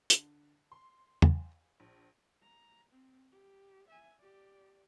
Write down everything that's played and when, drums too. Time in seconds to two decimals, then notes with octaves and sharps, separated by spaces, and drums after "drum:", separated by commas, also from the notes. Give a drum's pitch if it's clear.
0.10 D3, drum: hi-hat
0.72 C6
1.22 drum: tom
1.80 A#1
2.42 A#5
2.89 C4
3.32 G4
3.88 E5 G#5
4.20 G4 D5